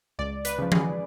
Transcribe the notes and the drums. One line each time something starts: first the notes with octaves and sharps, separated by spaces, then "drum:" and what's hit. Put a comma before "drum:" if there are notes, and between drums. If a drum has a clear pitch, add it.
C#2 D5
B4, drum: hi-hat
C#3 F3
G#4, drum: tom E3